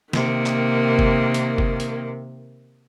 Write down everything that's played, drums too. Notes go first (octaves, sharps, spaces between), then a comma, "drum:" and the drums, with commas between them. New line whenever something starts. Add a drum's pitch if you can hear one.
C3 D#3 A#3, drum: snare
drum: clap
drum: kick F#1
drum: hi-hat
drum: kick F#1
drum: hi-hat